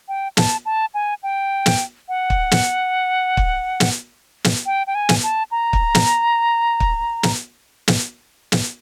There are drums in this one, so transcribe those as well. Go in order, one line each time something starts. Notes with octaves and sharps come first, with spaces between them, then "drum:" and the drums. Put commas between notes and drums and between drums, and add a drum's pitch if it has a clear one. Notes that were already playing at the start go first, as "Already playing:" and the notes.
G5
A5, drum: snare
A5
G#5
G5
drum: snare
F#5
drum: kick
drum: snare
drum: kick
drum: snare
drum: snare
G5
G5
G#5
drum: snare
A5
A#5
drum: kick
drum: snare
drum: kick
drum: snare
drum: snare
drum: snare